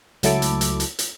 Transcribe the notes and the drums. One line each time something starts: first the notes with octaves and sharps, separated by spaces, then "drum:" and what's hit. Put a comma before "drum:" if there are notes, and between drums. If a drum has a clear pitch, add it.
C#2 F#3 A3 E4 A4 D6, drum: hi-hat
drum: hi-hat
drum: hi-hat
drum: hi-hat
drum: hi-hat